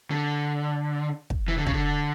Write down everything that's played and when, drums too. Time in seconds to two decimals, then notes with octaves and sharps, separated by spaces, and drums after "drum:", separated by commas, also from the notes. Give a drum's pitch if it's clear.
0.11 D3
1.30 drum: kick
1.48 E3
1.58 D3
1.66 C#3, drum: kick
1.74 D3